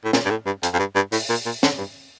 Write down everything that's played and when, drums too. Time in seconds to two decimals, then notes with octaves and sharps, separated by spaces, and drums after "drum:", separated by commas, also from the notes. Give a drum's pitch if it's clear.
0.05 A2
0.13 A#2, drum: snare
0.26 G2
0.30 A2
0.46 G2
0.63 F2, drum: hi-hat
0.74 F2
0.79 G2
0.96 G2
1.12 A2, drum: open hi-hat
1.30 A#2
1.46 A#2
1.63 D3, drum: snare
1.78 G2